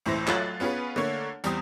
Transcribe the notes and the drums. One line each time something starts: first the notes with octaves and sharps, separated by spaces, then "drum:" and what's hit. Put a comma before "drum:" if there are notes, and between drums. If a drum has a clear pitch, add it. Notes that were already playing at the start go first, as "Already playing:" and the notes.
C#2 A2 E3 C5 A#6
F#3 A3 F4 F#6 A6 F#7, drum: clap
B3 C#4 F4 G#4 B4
D3 A3 A#3 C#5
E2 G3 C4 D#6, drum: hi-hat